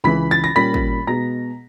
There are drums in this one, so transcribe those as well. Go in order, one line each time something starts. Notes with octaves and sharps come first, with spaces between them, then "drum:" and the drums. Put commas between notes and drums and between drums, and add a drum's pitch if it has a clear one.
C#2 C#3 E3 B5 B6
A6
A#6
A#2 G3 A#3 C#4 B5 B6
drum: kick
B2 G#3 B3 A#5 A#6